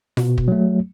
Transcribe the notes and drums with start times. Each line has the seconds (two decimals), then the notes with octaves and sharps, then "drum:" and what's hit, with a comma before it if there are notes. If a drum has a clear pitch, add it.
0.17 B2, drum: snare F4
0.38 drum: kick
0.48 F#3 A3